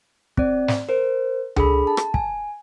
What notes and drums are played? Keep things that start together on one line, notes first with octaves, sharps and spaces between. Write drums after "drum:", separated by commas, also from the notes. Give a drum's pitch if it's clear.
C4 D5, drum: kick
drum: snare
A#4 C5
D4 G#4 A4 B5, drum: tom C#2
A5
drum: rim click
G#5, drum: kick